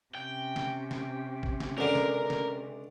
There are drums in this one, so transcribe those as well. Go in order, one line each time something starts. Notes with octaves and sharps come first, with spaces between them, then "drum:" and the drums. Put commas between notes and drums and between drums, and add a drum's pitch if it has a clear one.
C3 C#4 G5
drum: snare
drum: snare
drum: kick
drum: snare
C#2 D3 A#4
drum: snare
drum: snare